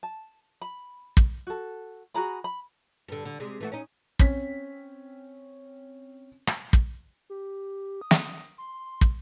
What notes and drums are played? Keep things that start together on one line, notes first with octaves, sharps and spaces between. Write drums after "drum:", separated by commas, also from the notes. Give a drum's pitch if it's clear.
A5
B5
drum: kick
F#4 A4
F#4 G#4 A#5 B5
B5
G2 D3
D3
C3 G#3
E3 A3 F#4
C#4 D#4
C4 C#4 B6, drum: kick
drum: rim click
drum: kick
G4
D#6
drum: snare
C6
drum: kick